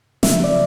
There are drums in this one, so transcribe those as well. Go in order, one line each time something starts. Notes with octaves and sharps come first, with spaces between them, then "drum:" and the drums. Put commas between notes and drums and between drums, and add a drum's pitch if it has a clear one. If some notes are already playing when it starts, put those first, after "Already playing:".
C#3 F3 E5, drum: snare
D5